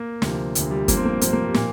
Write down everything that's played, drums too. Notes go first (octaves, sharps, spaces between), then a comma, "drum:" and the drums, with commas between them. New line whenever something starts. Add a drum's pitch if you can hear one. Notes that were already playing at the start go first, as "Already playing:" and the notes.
Already playing: A#3
D2 C3 F3, drum: snare
D2 C3 F3, drum: hi-hat
G3
G2 F3 A#3, drum: kick, hi-hat
C4
A#3
G2 F3 A#3, drum: hi-hat
A#3
G3
A#2 F3 A#3, drum: snare